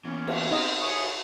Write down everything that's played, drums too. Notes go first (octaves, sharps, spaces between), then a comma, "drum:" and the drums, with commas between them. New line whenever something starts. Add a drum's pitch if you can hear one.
E3 A#3 B3 C#4
drum: cymbal
C4 D#4 D#5
A4 C#5 G#5 C#6 D#6